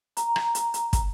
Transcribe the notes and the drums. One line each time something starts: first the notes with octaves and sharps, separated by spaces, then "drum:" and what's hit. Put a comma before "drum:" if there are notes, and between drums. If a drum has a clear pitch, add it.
A#5, drum: hi-hat
drum: rim click
drum: hi-hat
drum: hi-hat
drum: kick, hi-hat